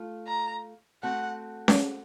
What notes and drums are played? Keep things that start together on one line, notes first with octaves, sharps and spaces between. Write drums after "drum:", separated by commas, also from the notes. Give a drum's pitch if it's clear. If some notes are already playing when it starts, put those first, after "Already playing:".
Already playing: A3 F4
A#5
A3 C4 F#4 F#5
drum: snare C#4